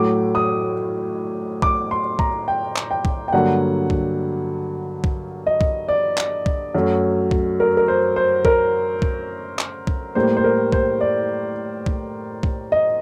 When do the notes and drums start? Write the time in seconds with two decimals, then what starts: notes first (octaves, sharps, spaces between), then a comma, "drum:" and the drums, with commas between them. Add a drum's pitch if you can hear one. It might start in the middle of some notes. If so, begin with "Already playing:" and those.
Already playing: A2 F#3 A3 D6
0.35 D#6
1.62 D6, drum: kick B1
1.91 C6
2.19 A#5, drum: kick B1
2.48 G5
2.76 drum: clap
2.91 G5
3.05 drum: kick B1
3.28 G5
3.33 G2 D3 F#3 A#3 F#5
3.90 drum: kick B1
5.04 drum: kick B1
5.47 D#5
5.61 drum: kick B1
5.89 D5
6.18 drum: clap
6.46 drum: kick B1
6.75 F#2 F#3 A3
7.31 drum: kick B1
7.60 A#4
7.77 A#4
7.88 C5
8.16 C5
8.45 A#4, drum: kick B1
9.02 drum: kick B1
9.59 drum: clap
9.87 drum: kick B1
10.15 A2 G3 A#3 C5
10.37 C5
10.44 A#4
10.72 C5, drum: kick B1
11.01 D5
11.86 drum: kick B1
12.43 drum: kick B1
12.72 D#5